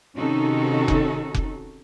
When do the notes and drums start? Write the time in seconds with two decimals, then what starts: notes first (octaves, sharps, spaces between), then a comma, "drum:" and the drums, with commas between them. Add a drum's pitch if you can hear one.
0.17 C3 D#3 C#4 D#4 F#4 A4
0.88 drum: kick F1
1.34 drum: kick F1